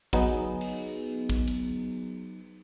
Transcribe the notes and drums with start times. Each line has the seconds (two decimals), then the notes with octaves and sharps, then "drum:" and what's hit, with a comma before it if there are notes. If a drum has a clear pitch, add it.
0.13 F#3 B3 D#4 G#4, drum: kick
0.61 drum: cymbal
1.30 drum: kick
1.47 drum: cymbal